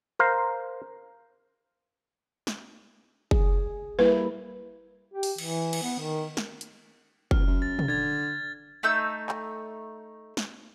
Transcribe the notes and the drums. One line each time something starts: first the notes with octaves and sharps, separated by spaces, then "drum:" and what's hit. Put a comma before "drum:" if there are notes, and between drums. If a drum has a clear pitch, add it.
A#4 C5 F5
drum: snare
G#4, drum: kick
G3 A#3 E4 B4
G4
drum: open hi-hat
E3, drum: cymbal
drum: cymbal
B3
D#3
drum: snare
drum: hi-hat
C#2 F6, drum: kick
F#2
A6
drum: tom
D3 G#6 A6
A3 D#4 E6 G6
drum: clap
drum: snare